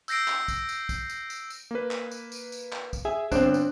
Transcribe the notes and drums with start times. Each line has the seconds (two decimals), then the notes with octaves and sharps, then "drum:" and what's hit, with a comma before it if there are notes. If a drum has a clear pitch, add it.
0.08 E6 G6 A#6 C7 D7, drum: tambourine
0.28 drum: clap
0.48 drum: kick, tambourine
0.69 drum: tambourine
0.89 drum: kick, tambourine
1.10 drum: tambourine
1.30 drum: tambourine
1.50 drum: tambourine
1.71 A#3 B4
1.91 drum: clap
2.11 drum: tambourine
2.32 drum: tambourine
2.52 drum: tambourine
2.73 drum: clap
2.93 drum: kick, tambourine
3.05 G#4 E5
3.32 G1 C4 D4 C5 F#6, drum: kick, tambourine
3.54 drum: tambourine